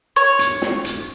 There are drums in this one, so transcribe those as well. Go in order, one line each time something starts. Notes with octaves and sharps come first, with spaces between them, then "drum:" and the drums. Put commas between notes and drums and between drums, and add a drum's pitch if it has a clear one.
C#5
drum: hi-hat
drum: snare
drum: hi-hat